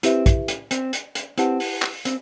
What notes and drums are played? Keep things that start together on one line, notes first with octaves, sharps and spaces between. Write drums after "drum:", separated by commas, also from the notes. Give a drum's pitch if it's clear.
C4 E4 G4 B4 E5, drum: hi-hat
drum: kick, hi-hat
drum: hi-hat
C4, drum: hi-hat
drum: hi-hat
drum: hi-hat
C4 E4 G4 B4 F#5 A5, drum: hi-hat
drum: open hi-hat
drum: clap
C4, drum: hi-hat